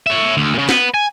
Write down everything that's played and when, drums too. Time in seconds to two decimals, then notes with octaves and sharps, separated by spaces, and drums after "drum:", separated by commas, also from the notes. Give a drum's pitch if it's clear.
0.07 C#5 E5
0.37 D2
0.55 A#2 C#3
0.69 B3 B4, drum: snare
0.94 G#5